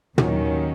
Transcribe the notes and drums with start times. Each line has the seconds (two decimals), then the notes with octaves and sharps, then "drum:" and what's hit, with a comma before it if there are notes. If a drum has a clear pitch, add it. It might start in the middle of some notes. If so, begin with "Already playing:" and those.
0.18 D#2 D#3 F#3 C#4, drum: tom